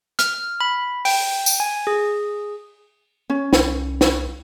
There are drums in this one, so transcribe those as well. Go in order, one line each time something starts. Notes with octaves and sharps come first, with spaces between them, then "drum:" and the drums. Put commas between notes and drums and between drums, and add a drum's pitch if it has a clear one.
F6, drum: hi-hat
B5
G5, drum: open hi-hat
drum: tambourine
G#5
G#4
C#4
C2, drum: snare
drum: snare